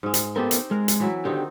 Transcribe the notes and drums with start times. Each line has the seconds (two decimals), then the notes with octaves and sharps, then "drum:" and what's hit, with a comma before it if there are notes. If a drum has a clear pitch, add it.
0.03 G#2 G#3
0.14 drum: hi-hat
0.36 B3 C4 D#4 G4 A4 A#4
0.51 drum: hi-hat
0.71 G#3 A#4
0.88 drum: hi-hat
1.00 E3 F#3 E4
1.25 D3 D#3 C4 D#4 G4